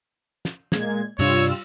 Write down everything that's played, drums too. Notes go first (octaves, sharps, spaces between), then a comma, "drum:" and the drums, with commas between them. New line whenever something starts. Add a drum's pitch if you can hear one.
drum: snare
A#2 G#3 G#6, drum: snare
G2 C3 G3 D4 F4 C#5 E6, drum: cymbal